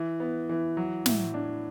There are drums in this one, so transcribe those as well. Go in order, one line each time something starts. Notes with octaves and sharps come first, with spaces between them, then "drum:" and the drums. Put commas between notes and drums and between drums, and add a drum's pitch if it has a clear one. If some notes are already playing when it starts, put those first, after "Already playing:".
Already playing: E3
B3
E3
F#3
A2, drum: snare
D4